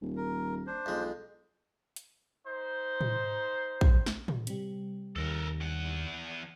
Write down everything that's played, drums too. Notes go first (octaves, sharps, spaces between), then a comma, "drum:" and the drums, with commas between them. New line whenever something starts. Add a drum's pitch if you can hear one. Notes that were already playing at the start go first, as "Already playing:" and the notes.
D#1
A#4
D4 C5
B1 F2 G#3
drum: hi-hat
D#4 C5
drum: tom
drum: kick
drum: snare
drum: tom
C3 G3, drum: hi-hat
D#2 A4 A#4
E2 F#5